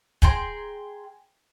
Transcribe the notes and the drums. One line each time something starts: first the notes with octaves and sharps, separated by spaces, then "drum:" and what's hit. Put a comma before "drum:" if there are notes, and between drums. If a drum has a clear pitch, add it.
G#4 G5 A#5 C6, drum: kick